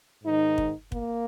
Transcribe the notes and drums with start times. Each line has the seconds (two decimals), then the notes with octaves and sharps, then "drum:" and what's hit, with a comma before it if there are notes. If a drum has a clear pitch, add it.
0.23 G#2 D#3 D#4
0.58 drum: kick
0.92 A#3, drum: kick